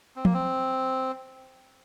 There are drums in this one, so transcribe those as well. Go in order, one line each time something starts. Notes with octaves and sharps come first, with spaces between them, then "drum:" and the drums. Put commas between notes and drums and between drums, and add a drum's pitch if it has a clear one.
C4
A#3, drum: tom F3
C4